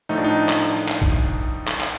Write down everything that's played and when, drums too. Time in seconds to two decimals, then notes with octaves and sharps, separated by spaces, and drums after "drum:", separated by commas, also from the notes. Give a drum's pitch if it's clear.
0.09 A2 F3 A3 D#4
0.17 D4
0.24 D#4
0.49 drum: clap
0.88 drum: clap
1.02 drum: kick A#1
1.67 drum: clap
1.81 drum: clap